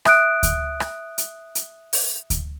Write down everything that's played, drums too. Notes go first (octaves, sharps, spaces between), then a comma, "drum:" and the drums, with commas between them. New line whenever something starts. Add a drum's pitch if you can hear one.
E5 D#6 F#6 D7, drum: rim click
drum: kick D2, hi-hat
drum: rim click
drum: hi-hat
drum: hi-hat
drum: open hi-hat
drum: kick D2, hi-hat